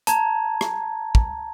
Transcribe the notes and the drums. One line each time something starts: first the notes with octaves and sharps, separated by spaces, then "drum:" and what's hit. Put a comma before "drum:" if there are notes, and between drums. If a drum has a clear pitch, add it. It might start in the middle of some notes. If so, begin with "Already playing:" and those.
A5 A#5 G#6, drum: hi-hat
drum: rim click
drum: kick